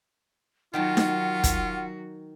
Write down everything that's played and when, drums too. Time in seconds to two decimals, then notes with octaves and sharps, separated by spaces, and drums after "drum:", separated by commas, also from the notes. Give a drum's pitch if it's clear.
0.74 D#3 F#3 F4 F#4 F#5 G5 A5
0.97 drum: snare D#4
1.44 drum: kick, hi-hat